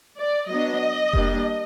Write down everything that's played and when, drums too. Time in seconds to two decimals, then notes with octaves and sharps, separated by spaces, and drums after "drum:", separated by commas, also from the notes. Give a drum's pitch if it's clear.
0.18 D5
0.50 F#3 B3 D4 D#5
1.13 G3 A#3 D4, drum: kick F1